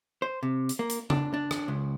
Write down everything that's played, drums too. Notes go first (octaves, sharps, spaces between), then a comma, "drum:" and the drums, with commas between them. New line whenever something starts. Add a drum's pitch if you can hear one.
C5
C3
drum: hi-hat
A#3
drum: hi-hat
D4, drum: tom C#3
D4
drum: rim click
C#2